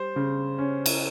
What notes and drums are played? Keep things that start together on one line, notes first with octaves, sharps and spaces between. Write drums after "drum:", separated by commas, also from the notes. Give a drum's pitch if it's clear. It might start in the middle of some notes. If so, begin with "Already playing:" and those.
Already playing: G3 C5
C#3
C#4
drum: cymbal